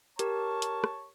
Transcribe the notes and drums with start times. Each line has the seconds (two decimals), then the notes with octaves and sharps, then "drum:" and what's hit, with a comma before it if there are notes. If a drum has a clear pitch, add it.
0.19 G4 A#4 C#5 A5, drum: hi-hat
0.62 drum: hi-hat
0.84 drum: rim click